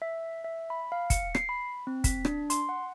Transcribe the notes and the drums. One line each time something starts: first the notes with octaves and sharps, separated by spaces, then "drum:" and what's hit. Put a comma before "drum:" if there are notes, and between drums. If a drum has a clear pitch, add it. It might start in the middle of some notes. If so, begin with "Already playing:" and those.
E5
E5
B5
F5
C#7, drum: kick, hi-hat
C7, drum: rim click
B5
C4
B6, drum: kick, hi-hat
D4, drum: rim click
C6, drum: hi-hat
F#5